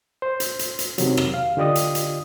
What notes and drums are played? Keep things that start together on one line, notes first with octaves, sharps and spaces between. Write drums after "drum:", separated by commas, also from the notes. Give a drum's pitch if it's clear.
C5
drum: hi-hat
drum: hi-hat
drum: hi-hat
C3 D#3 F#3, drum: hi-hat
drum: rim click
F5
D3 F4 G4 D5 D#5 D#6
drum: hi-hat
drum: hi-hat